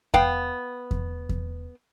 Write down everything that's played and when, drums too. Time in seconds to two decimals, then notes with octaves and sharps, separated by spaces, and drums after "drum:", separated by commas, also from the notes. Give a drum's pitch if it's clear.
0.14 B3 F5 G5, drum: kick E2
0.91 drum: kick E2
1.29 drum: kick E2